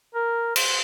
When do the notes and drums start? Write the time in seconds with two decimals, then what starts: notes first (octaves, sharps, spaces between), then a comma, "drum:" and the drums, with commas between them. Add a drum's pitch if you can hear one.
0.15 A#4
0.56 C5, drum: cymbal